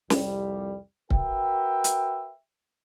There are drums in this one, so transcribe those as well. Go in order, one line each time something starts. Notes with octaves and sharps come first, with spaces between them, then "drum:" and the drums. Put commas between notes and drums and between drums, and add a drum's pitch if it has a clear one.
C2 F2 G3, drum: snare
F#4 A#4 B4 E5 G5, drum: kick C#1
drum: hi-hat